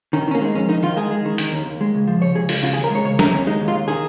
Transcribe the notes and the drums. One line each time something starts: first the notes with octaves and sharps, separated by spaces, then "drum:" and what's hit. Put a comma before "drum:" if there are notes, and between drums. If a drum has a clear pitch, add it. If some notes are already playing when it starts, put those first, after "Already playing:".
D#3 C#4
D#3 C#4
A#3
G#3
F2 C#4
D#3 D#4
D#3 F4
G#3 G#4
G#3
D#3
D#3, drum: hi-hat
D#2
D#2
G#3
C#2
F3
C#3 C#5
C#2 G#4
C#2 F4, drum: open hi-hat
C#3 F4
G#4
D#2
A#4
G#3 C#5
C#3 C#5
D#2 A#4, drum: snare
D#2 C#4
G#3 D#4
D#2
F4
D#2
D#3 G#4